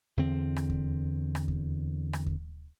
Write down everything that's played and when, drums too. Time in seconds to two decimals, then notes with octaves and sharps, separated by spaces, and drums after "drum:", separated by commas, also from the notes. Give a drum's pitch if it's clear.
0.17 E2 D3 C4
0.56 drum: rim click
0.70 drum: kick D#2
1.35 drum: rim click
1.48 drum: kick D#2
2.13 drum: rim click
2.26 drum: kick D#2